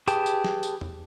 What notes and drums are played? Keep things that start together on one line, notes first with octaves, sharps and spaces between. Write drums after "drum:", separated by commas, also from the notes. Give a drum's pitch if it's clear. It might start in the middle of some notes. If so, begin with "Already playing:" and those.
G4 G#4 B4 G5 A5, drum: tambourine
drum: tambourine
drum: snare
drum: tambourine
drum: tom E2